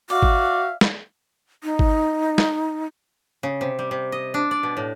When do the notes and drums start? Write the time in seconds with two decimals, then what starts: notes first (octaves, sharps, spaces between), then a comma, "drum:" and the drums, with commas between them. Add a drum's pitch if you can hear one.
0.10 F#4 D5 E5 F5
0.22 drum: kick G#1
0.81 drum: snare
1.64 D#4
1.79 drum: kick G#1
2.38 drum: snare
3.43 C#3
3.61 C3
3.79 G3
3.91 C3
4.12 D#5
4.34 D4
4.51 D5
4.63 B2
4.77 A2